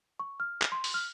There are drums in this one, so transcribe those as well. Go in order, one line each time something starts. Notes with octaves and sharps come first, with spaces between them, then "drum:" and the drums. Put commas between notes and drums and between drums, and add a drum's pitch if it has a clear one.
C#6
F6
drum: clap
C6
drum: open hi-hat
F6